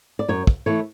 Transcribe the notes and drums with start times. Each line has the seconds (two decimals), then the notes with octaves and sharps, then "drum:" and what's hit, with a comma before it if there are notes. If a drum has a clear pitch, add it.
0.19 D5
0.28 F#2 C#5
0.47 drum: kick
0.66 E3 A3 C#5